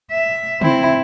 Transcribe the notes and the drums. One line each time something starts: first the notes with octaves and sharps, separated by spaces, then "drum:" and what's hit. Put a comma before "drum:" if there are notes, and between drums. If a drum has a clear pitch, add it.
E5
C4 E4, drum: tom